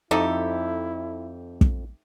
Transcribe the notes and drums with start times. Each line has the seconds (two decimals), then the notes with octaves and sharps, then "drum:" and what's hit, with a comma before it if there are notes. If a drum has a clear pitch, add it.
0.11 F2 A3 D#4 E4 G4 A4
1.61 drum: kick